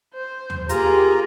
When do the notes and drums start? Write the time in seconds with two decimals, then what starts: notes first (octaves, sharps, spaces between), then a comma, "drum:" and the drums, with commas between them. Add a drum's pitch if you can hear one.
0.14 C5
0.50 drum: tom D#2
0.69 A#3 F4 G4 G#4 A#5, drum: hi-hat